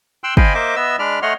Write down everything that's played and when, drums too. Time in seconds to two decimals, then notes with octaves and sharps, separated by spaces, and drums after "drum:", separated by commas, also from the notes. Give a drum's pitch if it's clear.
0.24 G5 C6 E6 F#6
0.37 C5 D#5 F5 G5 G#5 B5, drum: kick
0.54 A#3 C5 D#5 E5 D6
0.76 B3 D#5 E5 E6
0.99 G#3 D4 D5 B5 F6
1.22 A3 C#5 D#5 F#5 C6 F6